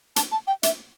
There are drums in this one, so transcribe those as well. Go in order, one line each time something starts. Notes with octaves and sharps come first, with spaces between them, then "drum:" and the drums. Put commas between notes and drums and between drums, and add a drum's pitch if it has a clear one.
A5, drum: hi-hat
A5
G5
E5, drum: hi-hat